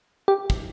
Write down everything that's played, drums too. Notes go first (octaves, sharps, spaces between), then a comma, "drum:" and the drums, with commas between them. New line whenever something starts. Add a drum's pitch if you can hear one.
G4
drum: kick